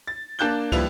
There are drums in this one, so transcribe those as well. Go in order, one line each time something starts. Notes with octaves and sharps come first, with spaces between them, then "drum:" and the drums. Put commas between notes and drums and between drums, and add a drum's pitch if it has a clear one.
A6
A#3 D4 A5 F#6 G6 G7
D#2 F3 G3 E4 B4 F7, drum: kick, cymbal